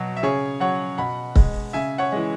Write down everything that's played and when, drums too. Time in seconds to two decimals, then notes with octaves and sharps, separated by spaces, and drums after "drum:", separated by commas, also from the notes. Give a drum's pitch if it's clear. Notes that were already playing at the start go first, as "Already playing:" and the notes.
Already playing: B2 F#3
0.17 E5
0.23 C#3 G#4 C#5
0.60 F#3 C#5 F#5
0.98 B2 F#5 B5
1.36 G#3, drum: kick C#1
1.73 C#3 E5 G#5
1.98 C#5 F#5
2.12 E3 G#3